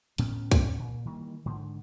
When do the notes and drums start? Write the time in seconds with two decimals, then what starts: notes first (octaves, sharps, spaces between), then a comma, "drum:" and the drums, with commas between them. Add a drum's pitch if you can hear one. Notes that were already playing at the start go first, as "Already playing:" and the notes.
0.18 D2 A2 B3 C#4, drum: hi-hat
0.52 drum: kick C2, hi-hat
0.79 A#2
1.05 D#3 E3 G3 A#3
1.46 G#2 D3